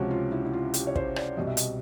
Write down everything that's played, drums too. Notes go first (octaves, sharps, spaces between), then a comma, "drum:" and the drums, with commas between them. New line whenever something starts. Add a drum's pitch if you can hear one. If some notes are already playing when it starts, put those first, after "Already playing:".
Already playing: C#2 C3 F3 C#4 F#4 G4
F4
E4
E4
F4
G4, drum: hi-hat
C#5
C5, drum: kick
D5, drum: rim click
C2 B2 G3 D#5
E5
D#5, drum: hi-hat